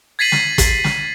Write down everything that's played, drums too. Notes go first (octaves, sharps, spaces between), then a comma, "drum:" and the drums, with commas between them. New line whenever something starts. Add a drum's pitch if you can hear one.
G#6 A6 B6 C7 D#7 F#7
drum: snare
drum: kick, hi-hat
drum: snare